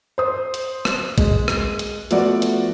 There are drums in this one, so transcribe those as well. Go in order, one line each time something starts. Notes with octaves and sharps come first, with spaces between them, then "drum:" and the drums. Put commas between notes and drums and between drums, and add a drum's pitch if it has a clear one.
C5 D#6
drum: hi-hat
drum: rim click
G#3, drum: kick, hi-hat
drum: rim click
drum: hi-hat
F3 A3 B3 F#4 D5, drum: hi-hat
drum: hi-hat